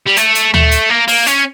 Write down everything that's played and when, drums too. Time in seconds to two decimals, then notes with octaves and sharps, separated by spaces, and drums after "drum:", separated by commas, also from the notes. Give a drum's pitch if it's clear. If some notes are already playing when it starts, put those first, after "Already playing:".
0.06 G3
0.16 A3, drum: hi-hat
0.35 drum: hi-hat
0.54 A3, drum: tom D2
0.71 drum: hi-hat
0.90 A#3
1.08 A#3, drum: open hi-hat
1.26 C#4, drum: hi-hat